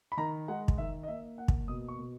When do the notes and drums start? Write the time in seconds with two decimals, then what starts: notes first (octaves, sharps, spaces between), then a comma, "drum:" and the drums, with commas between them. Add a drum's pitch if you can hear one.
0.12 B5
0.17 D#3 A#5
0.48 G#3 F#5
0.68 drum: kick
0.78 D#3 E5
1.03 D#5
1.08 A#3 E5
1.38 A#3 F#5
1.48 drum: kick
1.68 B2 D#6
1.88 C#6
1.98 B2